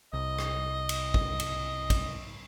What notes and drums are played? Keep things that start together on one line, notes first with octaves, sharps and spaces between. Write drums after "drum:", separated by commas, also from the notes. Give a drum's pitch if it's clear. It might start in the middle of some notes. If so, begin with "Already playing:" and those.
C2 D#5
drum: rim click
drum: cymbal
drum: kick
drum: cymbal
drum: kick, cymbal